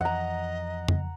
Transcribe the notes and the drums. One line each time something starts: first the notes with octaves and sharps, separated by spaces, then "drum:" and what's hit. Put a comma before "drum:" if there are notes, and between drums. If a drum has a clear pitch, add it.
F2 E3 D#5 F#5 A#5
drum: tom F2